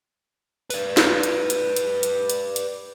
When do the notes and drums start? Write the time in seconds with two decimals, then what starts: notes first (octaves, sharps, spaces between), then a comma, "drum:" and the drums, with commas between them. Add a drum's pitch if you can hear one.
0.70 B4 D5, drum: open hi-hat
0.97 drum: snare
1.23 drum: hi-hat
1.50 drum: hi-hat
1.76 drum: hi-hat
2.03 drum: hi-hat
2.30 drum: hi-hat
2.56 drum: hi-hat